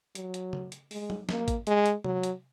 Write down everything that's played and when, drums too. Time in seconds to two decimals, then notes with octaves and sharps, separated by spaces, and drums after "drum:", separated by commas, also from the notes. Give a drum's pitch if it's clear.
0.15 F#3, drum: hi-hat
0.34 drum: hi-hat
0.53 drum: tom C#3
0.72 drum: hi-hat
0.91 G#3, drum: open hi-hat
1.10 drum: tom F#3
1.29 A#3, drum: snare
1.48 drum: kick G#1, hi-hat
1.67 G#3, drum: hi-hat
1.86 drum: hi-hat
2.04 F#3, drum: tom C3
2.23 drum: hi-hat